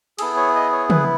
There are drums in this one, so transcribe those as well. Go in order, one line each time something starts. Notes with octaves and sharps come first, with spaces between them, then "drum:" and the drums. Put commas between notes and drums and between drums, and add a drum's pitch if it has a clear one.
B3 E4 G#4 A4, drum: cymbal
C#5
D#5
C#5
B4, drum: tom